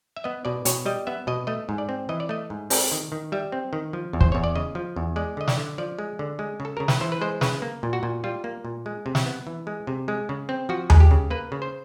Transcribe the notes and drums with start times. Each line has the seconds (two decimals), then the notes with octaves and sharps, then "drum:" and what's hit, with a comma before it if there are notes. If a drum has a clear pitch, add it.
0.17 E5
0.24 B3 D#5
0.45 B2 D5
0.65 B2 C#5, drum: hi-hat
0.86 G3 D#5
1.07 B3 E5
1.27 B2 D#5
1.47 A3 D#5
1.69 G#2
1.78 D5
1.89 C4
2.09 E3 D#5
2.20 D5
2.29 A3 D#5
2.50 G#2
2.70 C4, drum: open hi-hat
2.92 D#3
3.12 D#3
3.32 G3 E5
3.52 C4
3.73 D#3
3.93 F3
4.13 E2
4.21 C5, drum: kick
4.32 E2 C#5
4.44 D5
4.56 C#3 D#5
4.75 F3
4.96 E2
5.16 G#3 D5
5.37 D3 D#5
5.48 D5, drum: snare
5.57 D3
5.78 F3 D5
5.99 G#3
6.19 D3
6.39 G#3
6.60 C#3
6.65 A4
6.77 C#3 A#4
6.88 B4, drum: snare
7.01 E3 C5
7.12 B4
7.21 G#3 C5
7.41 C#3 B4, drum: snare
7.62 A#3
7.83 A#2
7.93 F#4
8.03 A#2
8.24 G3 F4
8.44 A#3
8.65 A#2
8.86 G#3
9.06 C3
9.15 drum: snare
9.26 B3
9.47 E3
9.67 G#3
9.87 C3
10.08 G#3
10.29 C#3
10.49 C4
10.69 F3 F#4
10.90 G#3, drum: tom D#2
11.00 G4
11.11 C#3
11.30 A#3 B4
11.52 C#3
11.62 C5